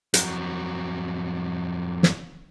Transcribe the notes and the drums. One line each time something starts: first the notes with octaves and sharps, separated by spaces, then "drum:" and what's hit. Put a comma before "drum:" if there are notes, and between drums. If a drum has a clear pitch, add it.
F2 F#3, drum: hi-hat
drum: snare